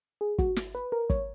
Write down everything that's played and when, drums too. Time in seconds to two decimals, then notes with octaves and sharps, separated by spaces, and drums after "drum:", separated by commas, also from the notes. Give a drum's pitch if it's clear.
0.21 G#4
0.38 F#4, drum: kick
0.56 drum: snare
0.75 B4
0.92 A#4
1.10 C#5, drum: kick